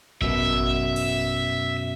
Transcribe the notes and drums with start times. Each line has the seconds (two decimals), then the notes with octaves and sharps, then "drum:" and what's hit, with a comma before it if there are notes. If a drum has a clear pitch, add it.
0.21 F#2 B2 E5, drum: kick A1
0.96 drum: cymbal